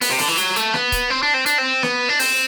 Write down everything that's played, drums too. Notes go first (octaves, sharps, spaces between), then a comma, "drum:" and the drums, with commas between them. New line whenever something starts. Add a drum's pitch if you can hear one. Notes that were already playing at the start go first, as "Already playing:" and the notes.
B3, drum: open hi-hat
C3
D3, drum: open hi-hat
E3
F#3, drum: hi-hat
A3, drum: hi-hat
B3, drum: snare
drum: kick C#1, hi-hat
C4
D4
C4
D4, drum: hi-hat
C4
B3, drum: snare
D4
C4, drum: open hi-hat